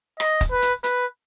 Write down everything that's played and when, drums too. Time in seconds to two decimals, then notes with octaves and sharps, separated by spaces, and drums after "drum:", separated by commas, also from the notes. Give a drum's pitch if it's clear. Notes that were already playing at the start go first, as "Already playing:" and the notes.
0.20 D#5, drum: rim click
0.41 drum: kick, hi-hat
0.51 B4
0.62 drum: hi-hat
0.84 B4, drum: hi-hat